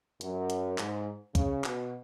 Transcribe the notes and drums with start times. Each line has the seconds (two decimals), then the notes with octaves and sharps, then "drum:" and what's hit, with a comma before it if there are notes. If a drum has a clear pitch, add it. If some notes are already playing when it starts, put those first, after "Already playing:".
0.21 F#2, drum: hi-hat
0.50 drum: hi-hat
0.78 G#2, drum: clap
1.35 C#3, drum: kick, hi-hat
1.64 B2, drum: clap